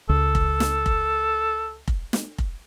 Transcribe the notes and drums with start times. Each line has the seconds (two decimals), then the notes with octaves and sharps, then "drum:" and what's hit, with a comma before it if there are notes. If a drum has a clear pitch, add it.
0.09 C#2 A4
0.35 drum: kick F1
0.60 drum: snare
0.86 drum: kick F1
1.88 drum: kick F1
2.13 drum: snare
2.38 drum: kick F1